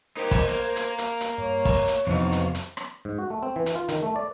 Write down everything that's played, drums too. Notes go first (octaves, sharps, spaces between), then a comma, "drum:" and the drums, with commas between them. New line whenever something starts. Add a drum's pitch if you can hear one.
D#4 G4 A#4 C5 G#6
drum: kick, open hi-hat
A#3
drum: hi-hat
drum: hi-hat
drum: hi-hat
G2 C#5
drum: kick, open hi-hat
drum: hi-hat
B1 F2 C3 E3 D#4 C5 F5 C#6
drum: hi-hat
drum: hi-hat
drum: rim click
G#2
F#4
A3
C4
E3
drum: hi-hat
F4
D#3, drum: hi-hat
A3
D5